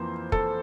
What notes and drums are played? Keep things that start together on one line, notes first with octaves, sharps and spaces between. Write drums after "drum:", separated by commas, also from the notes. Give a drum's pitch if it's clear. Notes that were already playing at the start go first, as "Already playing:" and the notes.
Already playing: F2 E3 A#3 C5
A4, drum: kick